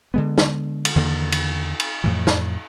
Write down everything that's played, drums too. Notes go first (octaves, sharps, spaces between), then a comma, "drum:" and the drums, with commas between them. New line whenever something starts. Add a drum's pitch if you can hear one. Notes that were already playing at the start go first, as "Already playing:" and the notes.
D3 G#3 B3
drum: snare
drum: cymbal
E2 D3 D#3 A#3
drum: cymbal
drum: cymbal
F2 A2 E3
drum: snare